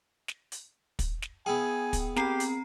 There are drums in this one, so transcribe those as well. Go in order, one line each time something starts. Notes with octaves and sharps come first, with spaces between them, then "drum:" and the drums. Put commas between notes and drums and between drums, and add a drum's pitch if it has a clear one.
drum: snare
drum: hi-hat
drum: kick, hi-hat
drum: snare
B3 E4 G#4 G5 G#5
drum: kick, hi-hat
C4 G4 A#5 C7, drum: snare
drum: hi-hat